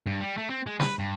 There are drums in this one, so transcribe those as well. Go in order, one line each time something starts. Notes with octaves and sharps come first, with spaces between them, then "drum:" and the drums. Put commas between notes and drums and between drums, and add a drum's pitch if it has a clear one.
G2
G3
A3
C4
G#3
B4, drum: snare
G2